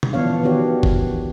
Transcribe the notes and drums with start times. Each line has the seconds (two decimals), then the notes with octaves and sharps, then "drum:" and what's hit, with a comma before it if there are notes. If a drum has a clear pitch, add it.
0.03 drum: tom B2
0.13 E3 F3 B3 D4 C#5 F5
0.43 D#3 B3 D4 F#4 G4 C#5
0.83 drum: kick F#1